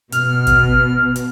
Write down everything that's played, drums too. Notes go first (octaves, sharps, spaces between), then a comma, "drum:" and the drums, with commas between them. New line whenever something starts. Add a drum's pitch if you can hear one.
B2 F6, drum: hi-hat
drum: kick G1, hi-hat
drum: hi-hat